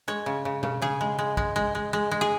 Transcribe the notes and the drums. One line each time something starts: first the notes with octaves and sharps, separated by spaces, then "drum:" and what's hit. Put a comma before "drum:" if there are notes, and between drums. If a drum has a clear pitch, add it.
G#3 C#5
C#3
C#3
C#3, drum: tom B2
C#3 G#4
G#3
G#3
G#3, drum: kick
G#3
G#3
G#3
G#3
G#4